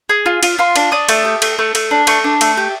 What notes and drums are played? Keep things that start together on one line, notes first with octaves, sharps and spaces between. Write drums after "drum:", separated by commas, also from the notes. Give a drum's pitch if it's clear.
G#4
F4
F4, drum: cymbal
F4 C6
D4, drum: cymbal
D4 D#6
A3, drum: cymbal
G4
A3, drum: cymbal
A3
A3, drum: cymbal
D4
A3 C#6, drum: cymbal
D4
A3, drum: cymbal
G4